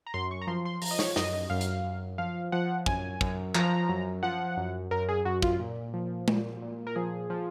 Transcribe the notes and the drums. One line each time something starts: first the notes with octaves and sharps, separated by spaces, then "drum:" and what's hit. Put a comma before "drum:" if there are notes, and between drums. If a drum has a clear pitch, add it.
A#5
F#2 C6
C#6
A#5
F3 C6
C6
F3 A#5, drum: open hi-hat
D#5
C#5, drum: snare
F#2 D#5, drum: snare
D#5
F#2 F5
drum: hi-hat
F#2
F3 F5
F3 F#5
F#2 G#5, drum: kick
F#2, drum: kick
F3 A#5, drum: clap
F#2
F3 F#5
F#2
F#2 A#4
G#4
F#2 F#4
F4, drum: kick
A#2
F3
A#2, drum: tom G#3
A#2
A#4
F3 G#4
F3